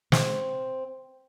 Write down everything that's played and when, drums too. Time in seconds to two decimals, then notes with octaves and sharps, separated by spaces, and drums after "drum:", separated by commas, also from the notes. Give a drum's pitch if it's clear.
0.12 C4, drum: snare